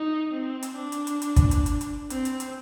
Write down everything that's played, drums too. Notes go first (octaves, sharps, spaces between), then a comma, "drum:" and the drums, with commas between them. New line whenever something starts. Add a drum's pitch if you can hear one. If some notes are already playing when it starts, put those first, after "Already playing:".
Already playing: D#4
C4
drum: hi-hat
D4
drum: hi-hat
drum: hi-hat
drum: hi-hat
drum: kick, hi-hat
drum: hi-hat
drum: hi-hat
drum: hi-hat
C4, drum: hi-hat
drum: hi-hat
drum: hi-hat